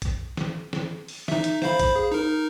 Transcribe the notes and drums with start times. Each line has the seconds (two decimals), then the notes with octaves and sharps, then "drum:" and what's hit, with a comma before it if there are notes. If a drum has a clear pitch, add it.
0.02 drum: kick, hi-hat
0.37 drum: snare
0.73 drum: snare
1.08 drum: open hi-hat
1.28 D#4 E5, drum: snare
1.44 drum: hi-hat
1.62 C5 F5 B5, drum: snare
1.79 drum: kick, hi-hat
1.96 G#4
2.12 D#4 A#4